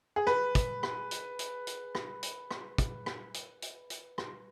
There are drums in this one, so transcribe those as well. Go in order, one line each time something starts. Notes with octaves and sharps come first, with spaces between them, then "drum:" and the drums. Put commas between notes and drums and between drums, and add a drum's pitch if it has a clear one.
G#4
B4, drum: rim click
drum: kick, hi-hat
drum: rim click
drum: hi-hat
drum: hi-hat
drum: hi-hat
drum: rim click
drum: hi-hat
drum: rim click
drum: kick, hi-hat
drum: rim click
drum: hi-hat
drum: hi-hat
drum: hi-hat
drum: rim click